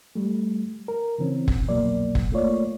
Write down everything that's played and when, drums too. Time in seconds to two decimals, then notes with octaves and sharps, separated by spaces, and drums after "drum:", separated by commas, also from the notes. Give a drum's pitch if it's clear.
0.15 G3 A3
0.88 A#4
1.18 C#3 E3 C4 C#4
1.48 drum: kick F1
1.69 C2 F2 B2 F#3 A#3 D5
2.15 drum: kick F1
2.32 A3 A#3 F4 C#5 D5